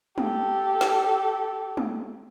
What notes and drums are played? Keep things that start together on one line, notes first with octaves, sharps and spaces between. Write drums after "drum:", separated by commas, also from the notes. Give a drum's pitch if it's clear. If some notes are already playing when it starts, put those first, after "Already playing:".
G4 A4, drum: tom
drum: snare
drum: tom